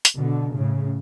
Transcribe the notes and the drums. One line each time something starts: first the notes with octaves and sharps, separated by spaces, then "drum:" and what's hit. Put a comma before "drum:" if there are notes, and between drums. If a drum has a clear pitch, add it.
drum: hi-hat
B2 D3
A2 C#3